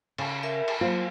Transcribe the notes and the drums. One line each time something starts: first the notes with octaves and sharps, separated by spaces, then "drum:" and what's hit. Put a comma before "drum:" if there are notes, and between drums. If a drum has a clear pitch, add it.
C#3, drum: cymbal
A#4 E5
drum: cymbal
F#3 A#3 F4 C5